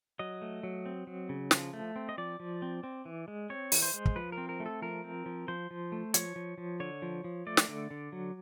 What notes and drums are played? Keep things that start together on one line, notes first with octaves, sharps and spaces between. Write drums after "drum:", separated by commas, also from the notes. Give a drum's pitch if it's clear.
F#3 D#5
A3
F#3
C4
F#3
C#3
F3, drum: snare
A3
C4
D#5
F3 D5
F3
C4
C4
E3
G#3
C4 C#5
E3, drum: open hi-hat
C5
G#3
drum: kick
F3 B4
A#4
C4
A#4
A3
A4
F3 A#4
C4
F3
F3 C5
F3
A3
F3 C#5, drum: hi-hat
F3
F3
D3 C#5
F3
F3
A3 D5
drum: snare
D3
D3
F#3